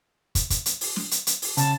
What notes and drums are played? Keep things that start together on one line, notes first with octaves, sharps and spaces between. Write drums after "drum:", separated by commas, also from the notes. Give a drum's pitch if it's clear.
drum: kick, hi-hat
drum: kick, hi-hat
drum: hi-hat
drum: open hi-hat
drum: snare
drum: hi-hat
drum: hi-hat
drum: open hi-hat
C#3 A5, drum: hi-hat